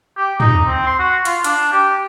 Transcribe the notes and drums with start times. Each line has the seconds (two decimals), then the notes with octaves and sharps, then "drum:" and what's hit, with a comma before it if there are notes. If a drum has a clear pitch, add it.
0.17 G4
0.40 D#4, drum: tom
0.67 C4
0.87 C6
0.99 F#4
1.25 F4, drum: hi-hat
1.44 D4, drum: hi-hat
1.72 G4